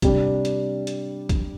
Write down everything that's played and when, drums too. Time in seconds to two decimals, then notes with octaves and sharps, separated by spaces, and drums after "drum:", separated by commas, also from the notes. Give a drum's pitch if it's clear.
0.02 C3 G3 D4, drum: kick G1, hi-hat
0.45 drum: hi-hat
0.87 drum: hi-hat
1.29 drum: kick G1, hi-hat